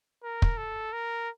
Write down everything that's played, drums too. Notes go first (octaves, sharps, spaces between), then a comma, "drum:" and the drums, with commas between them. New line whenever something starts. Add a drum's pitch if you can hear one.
A#4
drum: kick
A4
A#4